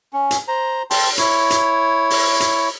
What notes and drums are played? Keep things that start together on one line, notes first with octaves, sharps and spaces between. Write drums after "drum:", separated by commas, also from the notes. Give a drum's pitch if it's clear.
C#4
drum: hi-hat
C5 A#5
G5 A5 C6, drum: open hi-hat
E4 C#5, drum: hi-hat
drum: hi-hat
drum: open hi-hat
drum: hi-hat